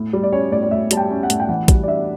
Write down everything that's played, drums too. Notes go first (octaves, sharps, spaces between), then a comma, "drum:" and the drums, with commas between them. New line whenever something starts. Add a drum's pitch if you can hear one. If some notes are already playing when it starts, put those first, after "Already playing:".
Already playing: A2
G3
D5
C#4 C#5
A2 D5
D5
A2 E5
G3 A5, drum: hi-hat
G5
C#4
F#5
A2, drum: hi-hat
G5
E3 F#5
G3, drum: kick, hi-hat
D5
D4 E5